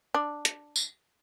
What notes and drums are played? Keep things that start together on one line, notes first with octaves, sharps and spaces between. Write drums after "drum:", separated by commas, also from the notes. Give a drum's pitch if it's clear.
D4
drum: hi-hat
drum: tambourine